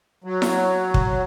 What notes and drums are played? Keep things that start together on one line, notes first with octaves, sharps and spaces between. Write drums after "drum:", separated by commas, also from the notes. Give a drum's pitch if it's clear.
F#3
drum: snare E4
drum: kick